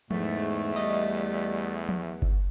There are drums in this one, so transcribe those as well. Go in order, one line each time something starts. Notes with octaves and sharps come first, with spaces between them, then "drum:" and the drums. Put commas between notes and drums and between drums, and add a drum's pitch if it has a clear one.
E2 G#2 A3, drum: tom F3
G3 D#5, drum: cymbal
drum: tom F3
drum: kick G1